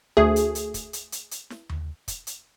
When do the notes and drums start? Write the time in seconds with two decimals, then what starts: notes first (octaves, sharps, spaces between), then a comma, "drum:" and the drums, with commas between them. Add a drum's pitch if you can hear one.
0.17 D2 A3 G#4
0.36 drum: hi-hat
0.55 drum: hi-hat
0.74 drum: kick, hi-hat
0.93 drum: hi-hat
1.12 drum: hi-hat
1.31 drum: hi-hat
1.50 drum: snare
1.69 drum: tom D#2
2.08 drum: kick, hi-hat
2.27 drum: hi-hat